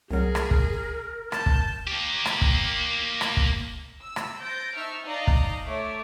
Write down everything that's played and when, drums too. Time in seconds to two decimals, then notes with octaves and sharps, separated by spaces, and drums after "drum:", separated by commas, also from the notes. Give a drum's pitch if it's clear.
0.11 C2 F#3 G#4 A#4
0.35 drum: rim click
0.51 drum: kick
1.32 A5 G6, drum: rim click
1.46 drum: kick
1.87 A#3 G4
2.26 drum: rim click
2.41 drum: kick
3.21 drum: rim click
3.37 drum: kick
4.00 E6
4.16 drum: rim click
4.41 C5 G6 A6 A#6 D7
4.75 D#4 E5 A5 C#6 E6 F6
5.05 D#4 D5 D#5 F5 A5 A#5
5.27 drum: kick
5.65 A3 C#5 D6